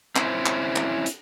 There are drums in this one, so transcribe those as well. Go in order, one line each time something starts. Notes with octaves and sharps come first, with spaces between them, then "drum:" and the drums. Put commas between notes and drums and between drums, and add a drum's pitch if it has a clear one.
C4 C#4 E4 C5, drum: clap
drum: clap
drum: clap
drum: hi-hat